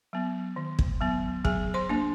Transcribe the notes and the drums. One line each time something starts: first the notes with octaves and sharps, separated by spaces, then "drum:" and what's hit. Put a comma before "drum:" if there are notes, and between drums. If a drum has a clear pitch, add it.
F#3 B3
D#3
drum: kick
F#3 B3
F#3 G#4 G#5, drum: kick
C5 C6
A#3 D4